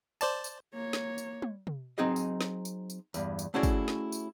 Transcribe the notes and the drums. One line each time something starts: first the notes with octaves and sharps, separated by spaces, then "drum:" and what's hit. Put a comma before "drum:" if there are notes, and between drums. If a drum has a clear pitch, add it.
C5 D5 A5, drum: tambourine
drum: tambourine
A#3 C#5
drum: snare
drum: tambourine
drum: tom
drum: tom
F#3 C4 D#4 G#4 D#5
drum: tambourine
drum: snare
drum: tambourine
drum: tambourine
E2 G2, drum: tambourine
drum: tambourine
A3 C#4 E4 F#4 G#4 D5
drum: kick, tambourine
drum: snare
drum: tambourine